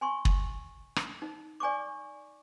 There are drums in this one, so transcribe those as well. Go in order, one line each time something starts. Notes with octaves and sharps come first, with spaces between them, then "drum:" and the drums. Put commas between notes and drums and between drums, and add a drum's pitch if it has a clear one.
G#5 C6 C#6
drum: kick
drum: rim click
D#4
D5 G#5 C#6 D6